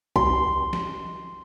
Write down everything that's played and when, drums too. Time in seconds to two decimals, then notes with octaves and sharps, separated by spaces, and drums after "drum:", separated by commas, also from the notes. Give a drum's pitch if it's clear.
0.16 C6, drum: kick C2
0.73 drum: snare